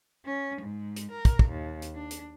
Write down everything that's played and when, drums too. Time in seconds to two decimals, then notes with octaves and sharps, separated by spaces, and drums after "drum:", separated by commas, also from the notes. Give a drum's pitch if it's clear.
0.25 C#4
0.61 G#2
0.96 drum: hi-hat
1.11 A#4
1.25 drum: kick, hi-hat
1.39 drum: kick
1.49 D#2
1.82 drum: hi-hat
1.94 D4
2.11 drum: hi-hat